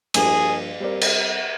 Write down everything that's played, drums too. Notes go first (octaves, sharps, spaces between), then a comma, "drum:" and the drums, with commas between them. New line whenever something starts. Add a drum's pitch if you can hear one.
G2 F3 A#3 D4 G4 G#4, drum: cymbal
G3 C4 G4 A#4 D5
drum: cymbal